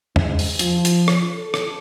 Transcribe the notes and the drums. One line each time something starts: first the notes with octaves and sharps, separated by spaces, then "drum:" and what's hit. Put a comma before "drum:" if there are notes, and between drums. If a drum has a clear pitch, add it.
G#2, drum: tom E2
drum: open hi-hat
F3, drum: hi-hat
drum: hi-hat
drum: rim click
A4
drum: rim click